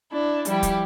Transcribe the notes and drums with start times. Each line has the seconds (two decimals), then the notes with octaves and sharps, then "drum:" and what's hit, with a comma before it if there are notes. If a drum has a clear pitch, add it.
0.11 D4 E4
0.45 F3 G3 E4 G4, drum: hi-hat
0.63 drum: kick, hi-hat